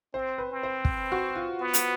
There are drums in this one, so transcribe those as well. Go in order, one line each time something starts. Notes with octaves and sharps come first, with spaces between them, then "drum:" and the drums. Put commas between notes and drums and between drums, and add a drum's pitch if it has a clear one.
C4 C5
B4
C4
C5
drum: kick
F#4
F4
B3
drum: hi-hat